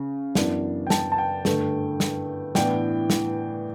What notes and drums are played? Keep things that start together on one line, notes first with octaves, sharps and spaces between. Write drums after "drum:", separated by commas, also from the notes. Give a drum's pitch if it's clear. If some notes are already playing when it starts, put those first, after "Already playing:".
Already playing: C#3
F#2 E3 B3 D4, drum: snare
G5
A5, drum: snare
A5
G5
G2 D3 A3, drum: snare
drum: snare
A2 E3 B3 D4 G5, drum: snare
drum: snare